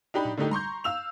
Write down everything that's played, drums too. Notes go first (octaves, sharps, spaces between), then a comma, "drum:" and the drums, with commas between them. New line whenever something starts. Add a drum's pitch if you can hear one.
D4 D#4 G4 B5
drum: tom A2
D3 A3 D#4 G4
A#5 C6 C#6 G6, drum: tom G3
F5 E6 F7